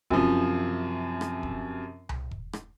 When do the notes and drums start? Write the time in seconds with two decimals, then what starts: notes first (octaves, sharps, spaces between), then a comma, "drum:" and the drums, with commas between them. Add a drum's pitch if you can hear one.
0.10 F#2 C3 F3, drum: kick E1
1.21 drum: rim click
1.43 drum: kick E1
2.09 drum: tom C2
2.31 drum: kick E1
2.53 drum: rim click